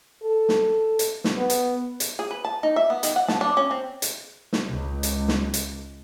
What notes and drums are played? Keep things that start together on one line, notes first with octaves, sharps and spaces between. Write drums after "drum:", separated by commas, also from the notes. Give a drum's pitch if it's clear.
A4
drum: snare
drum: hi-hat
drum: snare
B3
drum: hi-hat
drum: hi-hat
G#4
B4
A5
D#4
E5
B3
D#3, drum: hi-hat
F#5
A5, drum: snare
D4
C#4
C4
drum: hi-hat
drum: snare
C#2
drum: hi-hat
drum: snare
drum: hi-hat